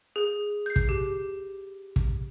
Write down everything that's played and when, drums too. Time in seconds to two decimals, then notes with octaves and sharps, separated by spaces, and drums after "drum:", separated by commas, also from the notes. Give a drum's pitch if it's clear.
0.16 G#4
0.66 G6 C7
0.76 drum: kick
0.89 G4
1.96 drum: kick